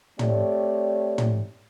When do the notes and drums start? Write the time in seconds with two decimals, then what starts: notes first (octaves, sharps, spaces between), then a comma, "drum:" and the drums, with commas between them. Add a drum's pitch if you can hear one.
0.19 A3 C4 G4 C#5 D5, drum: tom
1.18 drum: tom